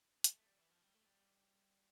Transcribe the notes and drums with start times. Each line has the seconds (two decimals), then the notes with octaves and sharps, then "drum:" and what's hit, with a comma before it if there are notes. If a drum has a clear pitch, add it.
0.24 G3, drum: hi-hat
0.36 A3
0.47 G3
0.59 E3
0.71 F3
0.83 G3
0.95 A3
1.06 G3